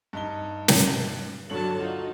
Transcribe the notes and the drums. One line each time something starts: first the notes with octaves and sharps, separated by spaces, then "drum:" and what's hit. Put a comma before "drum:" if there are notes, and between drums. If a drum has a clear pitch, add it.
G2 D#4 G7
drum: snare
G2 D3 F#3 C#5 A5 F#7
D#4 F4 F#4